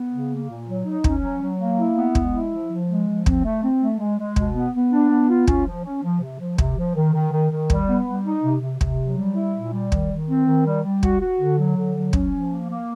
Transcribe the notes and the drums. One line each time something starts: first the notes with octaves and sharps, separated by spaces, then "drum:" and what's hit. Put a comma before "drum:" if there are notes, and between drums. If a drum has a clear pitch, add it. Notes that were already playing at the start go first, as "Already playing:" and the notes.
Already playing: B3
C#3
A#3
A#2
F#3
D#4
C#4, drum: kick
F#3
F#3
A#3
E4
B3
G#3, drum: kick
E4
F3
F3
G#3
F3
C4, drum: kick
A3
C4
A3
G#3
G#3
B2, drum: kick
B3
B3
D4
B3
F4
C#4, drum: kick
F3
C#4
F3
C3
F3
C3, drum: kick
F3
D#3
D#3
D#3
D#3
G3, drum: kick
B3
G3
D#4
C3
C3
C3, drum: kick
F#3
G3
E4
A#2
G3
D#3, drum: kick
D#3
C4
D#3
G3
G3
F#4, drum: kick
F#4
D3
F#3
D3
F#3
C#4, drum: kick
F3
A#3
A#3